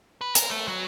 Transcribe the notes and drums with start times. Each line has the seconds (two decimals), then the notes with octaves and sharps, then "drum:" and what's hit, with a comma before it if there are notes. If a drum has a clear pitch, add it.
0.21 B4
0.35 A#4, drum: hi-hat
0.50 A3
0.68 F#3